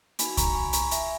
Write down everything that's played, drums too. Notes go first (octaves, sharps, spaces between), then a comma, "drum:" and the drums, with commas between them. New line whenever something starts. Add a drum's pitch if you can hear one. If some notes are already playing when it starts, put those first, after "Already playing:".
A#3 D#4 F#4 G#5 B5, drum: hi-hat
A#5 C#6, drum: kick C2, hi-hat
G#5 B5
A#5 C#6, drum: hi-hat
E5 G#5, drum: hi-hat